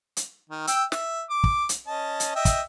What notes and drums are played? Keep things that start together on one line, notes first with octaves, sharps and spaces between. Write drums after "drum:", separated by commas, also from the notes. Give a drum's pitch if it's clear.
drum: hi-hat
D#3
G5 E6, drum: hi-hat
E5, drum: snare
D6
drum: kick
drum: hi-hat
C#4 D#5 A5
drum: hi-hat
D#5 E5 G5
drum: kick, hi-hat